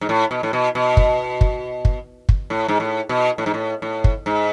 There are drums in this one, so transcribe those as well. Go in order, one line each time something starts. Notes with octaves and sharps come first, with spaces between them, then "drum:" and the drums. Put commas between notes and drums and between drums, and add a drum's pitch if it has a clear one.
G#2
A2
B2
A2
B2
B2
drum: kick
drum: kick
drum: kick
drum: kick
A2
G#2
A2
B2
A2
G#2
A2
A2
drum: kick
G#2